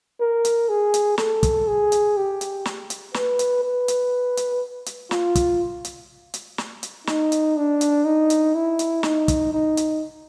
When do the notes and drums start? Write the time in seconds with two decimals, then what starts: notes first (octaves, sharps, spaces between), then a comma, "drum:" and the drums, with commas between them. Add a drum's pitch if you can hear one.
0.20 A#4
0.45 drum: hi-hat
0.69 G#4
0.94 drum: hi-hat
1.18 A4, drum: snare
1.43 drum: kick, hi-hat
1.68 G#4
1.92 drum: hi-hat
2.17 G4
2.41 drum: hi-hat
2.65 drum: snare
2.90 drum: hi-hat
3.14 B4, drum: snare
3.39 drum: hi-hat
3.63 B4
3.88 drum: hi-hat
4.37 drum: hi-hat
4.86 drum: hi-hat
5.11 F4, drum: snare
5.35 drum: kick, hi-hat
5.85 drum: hi-hat
6.34 drum: hi-hat
6.58 drum: snare
6.83 drum: hi-hat
7.07 D#4, drum: snare
7.32 drum: hi-hat
7.57 D4
7.81 drum: hi-hat
8.05 D#4
8.30 drum: hi-hat
8.55 E4
8.79 drum: hi-hat
9.03 D#4, drum: snare
9.28 drum: kick, hi-hat
9.53 D#4
9.77 drum: hi-hat